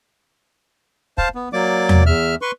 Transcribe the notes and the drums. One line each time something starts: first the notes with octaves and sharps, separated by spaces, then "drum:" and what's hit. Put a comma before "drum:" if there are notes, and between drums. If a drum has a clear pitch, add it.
C5 F5 A5, drum: kick
B3
F#3 A#3 D5 D6
drum: tom E2
E2 E5 F6
B4 C6 C#6